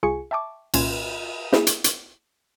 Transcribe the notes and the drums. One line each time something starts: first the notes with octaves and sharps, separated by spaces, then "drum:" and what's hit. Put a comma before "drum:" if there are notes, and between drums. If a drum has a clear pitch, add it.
C2 F4 G#4 G#5 C#6 C#7
E5 G5 A5 C#6 D6
C2 A#2 C#4 C6 G#6, drum: cymbal
A#3 E4 G#4, drum: snare
drum: hi-hat
drum: hi-hat